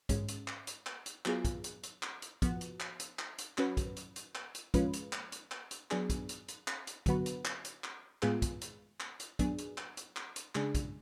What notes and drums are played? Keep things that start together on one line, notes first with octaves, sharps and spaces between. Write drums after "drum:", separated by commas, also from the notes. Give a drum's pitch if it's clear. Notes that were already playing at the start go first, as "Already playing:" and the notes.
G#2 G#3 C#4, drum: kick, hi-hat
drum: hi-hat
drum: clap
drum: hi-hat
drum: clap
drum: hi-hat
F#3 B3 F4 G#4, drum: clap
drum: kick, hi-hat
drum: hi-hat
drum: hi-hat
drum: clap
drum: hi-hat
F3 B3 F#4, drum: kick, hi-hat
drum: hi-hat
drum: clap
drum: hi-hat
drum: clap
drum: hi-hat
F#3 C#4 F#4 B4, drum: clap
drum: kick, hi-hat
drum: hi-hat
drum: hi-hat
drum: clap
drum: hi-hat
F3 G#3 C#4 F4 B4, drum: kick, hi-hat
drum: hi-hat
drum: clap
drum: hi-hat
drum: clap
drum: hi-hat
F#3 B3 D4 G#4, drum: clap
drum: kick, hi-hat
drum: hi-hat
drum: hi-hat
drum: clap
drum: hi-hat
D3 F#3 B3 F#4 B4, drum: kick, hi-hat
drum: hi-hat
drum: clap
drum: hi-hat
drum: clap
A2 G#3 B3 F4 G#4, drum: clap
drum: kick, hi-hat
drum: hi-hat
drum: clap
drum: hi-hat
F#3 B3 D4 G#4, drum: kick, hi-hat
drum: hi-hat
drum: clap
drum: hi-hat
drum: clap
drum: hi-hat
C#3 G#3 D4 G#4, drum: clap
drum: kick, hi-hat